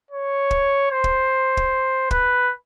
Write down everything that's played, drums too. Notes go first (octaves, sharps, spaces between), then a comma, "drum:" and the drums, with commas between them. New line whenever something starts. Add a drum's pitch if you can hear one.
C#5
drum: kick
C5
drum: kick
drum: kick
B4, drum: kick